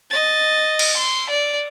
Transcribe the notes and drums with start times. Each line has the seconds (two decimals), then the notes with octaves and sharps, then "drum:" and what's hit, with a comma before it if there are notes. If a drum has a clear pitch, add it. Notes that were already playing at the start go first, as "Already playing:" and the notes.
0.10 D#5 A6
0.79 drum: cymbal
0.97 C6
1.30 D5